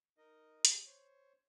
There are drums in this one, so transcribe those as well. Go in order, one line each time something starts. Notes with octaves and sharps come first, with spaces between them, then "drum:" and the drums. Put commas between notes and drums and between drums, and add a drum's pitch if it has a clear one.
D#4 A#4 D#5
G3 G4 G#4, drum: hi-hat
C5 C#5